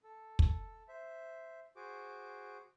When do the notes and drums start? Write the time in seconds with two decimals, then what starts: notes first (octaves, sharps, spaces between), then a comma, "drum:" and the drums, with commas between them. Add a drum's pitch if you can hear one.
0.04 A4
0.39 drum: kick
0.88 C5 E5
1.76 F#4 G#4 C5 D6